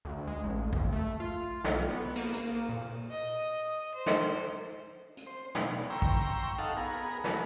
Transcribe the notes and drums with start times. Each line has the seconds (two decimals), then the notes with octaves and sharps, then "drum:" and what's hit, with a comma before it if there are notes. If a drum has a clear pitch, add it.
0.05 D2
0.27 G#3
0.44 A1
0.73 D#2, drum: kick
0.92 A3
1.20 F4
1.64 B1, drum: snare
1.89 B3
2.16 A#3, drum: cymbal
2.33 A#3, drum: hi-hat
2.69 A#2
3.11 D#5
3.95 C5
4.06 drum: snare
5.17 drum: hi-hat
5.27 C5
5.55 B2, drum: snare
5.90 G5 A#5 C6 C#6 E6
6.02 drum: kick
6.58 D#4 A4 F5 F#5
6.77 B3 G#4 A#4
7.24 G#3 A3 F#4 A#4 B4, drum: snare